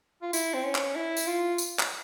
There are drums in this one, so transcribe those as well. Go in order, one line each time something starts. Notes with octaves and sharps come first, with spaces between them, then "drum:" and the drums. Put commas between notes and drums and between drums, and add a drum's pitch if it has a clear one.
F4
E4, drum: tambourine
C4
C#4
drum: clap
E4
drum: tambourine
F4
drum: tambourine
drum: clap